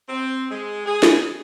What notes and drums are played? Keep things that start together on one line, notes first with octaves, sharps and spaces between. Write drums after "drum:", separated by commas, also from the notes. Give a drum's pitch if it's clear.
C4
G#3
G#4
drum: snare